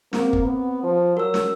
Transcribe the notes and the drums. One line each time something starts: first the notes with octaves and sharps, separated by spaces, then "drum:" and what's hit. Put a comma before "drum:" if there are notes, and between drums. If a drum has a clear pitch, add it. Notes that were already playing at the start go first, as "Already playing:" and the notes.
A#3 C4, drum: snare
drum: kick
B3
F3
F#3 A#4 E6
drum: snare